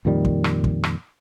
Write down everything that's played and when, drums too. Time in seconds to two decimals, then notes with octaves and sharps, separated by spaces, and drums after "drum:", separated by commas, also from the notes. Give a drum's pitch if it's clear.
0.05 F2 A#2 D#3 G3
0.25 drum: kick
0.44 drum: rim click
0.64 drum: kick
0.84 drum: rim click